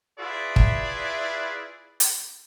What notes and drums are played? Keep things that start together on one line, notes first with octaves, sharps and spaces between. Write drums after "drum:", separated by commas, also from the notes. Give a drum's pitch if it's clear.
E4 F4 G#4 B4 D5 E5
drum: kick
drum: hi-hat